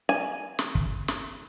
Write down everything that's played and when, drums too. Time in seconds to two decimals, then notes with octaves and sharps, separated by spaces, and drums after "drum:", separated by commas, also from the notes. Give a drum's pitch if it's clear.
0.09 G#5
0.59 drum: snare
0.75 drum: kick
1.08 drum: snare